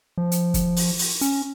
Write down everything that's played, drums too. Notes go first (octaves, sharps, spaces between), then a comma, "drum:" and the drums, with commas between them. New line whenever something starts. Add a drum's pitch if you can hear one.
F3
drum: hi-hat
drum: kick, hi-hat
drum: open hi-hat
drum: open hi-hat
C#4, drum: hi-hat